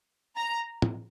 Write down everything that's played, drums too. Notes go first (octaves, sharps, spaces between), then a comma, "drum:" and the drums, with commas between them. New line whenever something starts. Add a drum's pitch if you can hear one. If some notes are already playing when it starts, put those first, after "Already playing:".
A#5
drum: tom